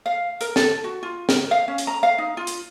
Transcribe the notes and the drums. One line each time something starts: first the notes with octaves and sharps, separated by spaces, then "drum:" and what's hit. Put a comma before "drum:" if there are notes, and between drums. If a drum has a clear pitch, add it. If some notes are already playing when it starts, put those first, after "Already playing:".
F5
A#4, drum: hi-hat
A4, drum: snare
F#4
F4
A#4, drum: snare
F5
C#4
drum: hi-hat
A#5
F5
D#4
F4
drum: hi-hat